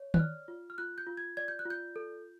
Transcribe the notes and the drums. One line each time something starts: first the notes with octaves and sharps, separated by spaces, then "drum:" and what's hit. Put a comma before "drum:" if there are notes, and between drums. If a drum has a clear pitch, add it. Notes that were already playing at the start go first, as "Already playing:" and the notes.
Already playing: C#5
F#6, drum: tom D#3
D5 F6
F4
F6
F4 F#6
G6
F4
G#6
D5 G#6
G6
F#6
F4
G6
A4